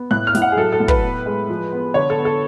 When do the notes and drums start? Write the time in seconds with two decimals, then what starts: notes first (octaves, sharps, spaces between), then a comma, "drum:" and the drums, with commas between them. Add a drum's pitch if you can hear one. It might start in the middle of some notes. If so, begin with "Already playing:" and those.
Already playing: B3
0.11 A2 F#6
0.27 F6
0.35 A2, drum: snare
0.42 F#5
0.52 G#4
0.57 F#3 A4
0.72 A4
0.80 A2
0.88 B4, drum: kick
1.02 B3
1.26 G#3
1.49 F3
1.73 B3
1.94 D3 C#5
2.10 A4
2.18 B3
2.25 A4